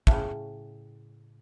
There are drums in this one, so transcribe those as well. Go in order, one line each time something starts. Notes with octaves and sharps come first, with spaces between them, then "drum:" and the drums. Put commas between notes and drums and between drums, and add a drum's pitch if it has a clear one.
A2 C#3, drum: kick